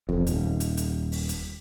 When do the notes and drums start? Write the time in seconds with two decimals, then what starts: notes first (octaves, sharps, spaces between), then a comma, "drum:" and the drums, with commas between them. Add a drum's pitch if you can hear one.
0.09 F2, drum: kick D#2
0.27 D#1, drum: hi-hat
0.60 drum: hi-hat
0.77 drum: hi-hat
1.12 drum: open hi-hat
1.29 drum: hi-hat